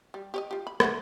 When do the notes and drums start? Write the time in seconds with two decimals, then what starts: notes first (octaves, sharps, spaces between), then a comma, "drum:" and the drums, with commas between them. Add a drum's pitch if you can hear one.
0.14 G3
0.34 G4 C#5 D#5
0.51 F4 G4
0.67 B5
0.80 A3 F#5, drum: rim click